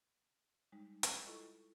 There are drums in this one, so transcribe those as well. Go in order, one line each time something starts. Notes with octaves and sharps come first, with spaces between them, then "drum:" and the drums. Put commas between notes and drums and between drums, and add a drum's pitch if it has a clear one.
G3 G#3 D#4
drum: hi-hat
E4 F4 A4 D#5 C#6